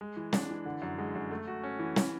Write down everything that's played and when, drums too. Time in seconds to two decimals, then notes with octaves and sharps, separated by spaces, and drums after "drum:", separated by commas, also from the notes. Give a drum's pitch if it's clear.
0.01 G#3
0.17 E3
0.33 D4, drum: snare
0.50 E3
0.65 D3
0.82 F#2
0.98 G#3
1.15 F#2
1.31 A3
1.47 F#4
1.64 C#4
1.79 E3
1.96 E3, drum: snare